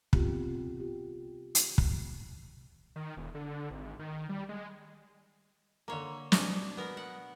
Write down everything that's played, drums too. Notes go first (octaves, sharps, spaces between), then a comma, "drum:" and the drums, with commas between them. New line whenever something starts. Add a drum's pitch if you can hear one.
C3 B3 F4 G4, drum: kick
F4 G4
drum: hi-hat
drum: kick
D#3
E1
D3
G#1
D#3
G3
G#3
D3 A#3 C#5 A#5
B2 D4 G#5 C#6, drum: snare
B3 A#4
F#5